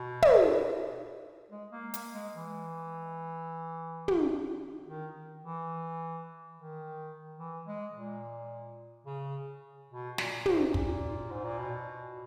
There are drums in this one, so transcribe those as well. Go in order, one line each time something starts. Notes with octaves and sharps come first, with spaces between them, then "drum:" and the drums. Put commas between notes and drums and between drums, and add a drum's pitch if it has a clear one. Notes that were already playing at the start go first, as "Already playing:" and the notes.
Already playing: B2
drum: tom
G#3
A#3
A#3, drum: hi-hat
G#3
E3
drum: tom
D#3
E3
D#3
E3
G#3
A#2
C#3
B2
A#2, drum: snare
G#2, drum: tom
A#2, drum: kick
G#2
A#2
B2